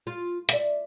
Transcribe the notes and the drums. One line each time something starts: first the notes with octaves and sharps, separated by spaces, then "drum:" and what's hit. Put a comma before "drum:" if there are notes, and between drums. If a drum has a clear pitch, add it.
F4
D5 E5, drum: hi-hat